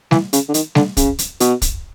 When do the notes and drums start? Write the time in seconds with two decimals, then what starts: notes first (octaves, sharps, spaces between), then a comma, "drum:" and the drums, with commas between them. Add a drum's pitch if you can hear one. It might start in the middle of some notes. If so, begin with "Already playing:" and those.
0.11 E3, drum: snare
0.33 C#3, drum: hi-hat
0.49 D3
0.54 D#3, drum: hi-hat
0.75 D3, drum: snare
0.97 C#3, drum: kick, hi-hat
1.19 drum: hi-hat
1.40 B2, drum: hi-hat
1.62 drum: kick, hi-hat